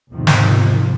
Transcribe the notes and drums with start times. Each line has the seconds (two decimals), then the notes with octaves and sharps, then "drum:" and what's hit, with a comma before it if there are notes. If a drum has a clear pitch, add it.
0.11 E2 G#2 C3 D#3 F3
0.27 drum: snare